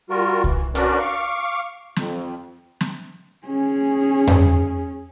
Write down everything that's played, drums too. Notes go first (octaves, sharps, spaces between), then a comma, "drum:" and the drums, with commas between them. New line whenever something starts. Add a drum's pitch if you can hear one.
G3 F4 F#4 A#4
E3, drum: kick C2
C#4 D4 F#4 A#4 B4 D5, drum: hi-hat
F5 C#6 D6
F2, drum: snare
drum: snare
C#4 G#4
drum: tom F2